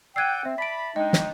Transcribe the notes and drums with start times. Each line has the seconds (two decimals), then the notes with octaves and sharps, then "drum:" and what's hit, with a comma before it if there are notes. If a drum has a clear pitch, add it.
0.16 D5 F#5 G5 E6 F#6 G#6 C7 D#7
0.45 C4 E5
0.58 D5 A5 B5 B6 D7
0.96 G#3 D4 D#4 D#5 G5
1.13 drum: snare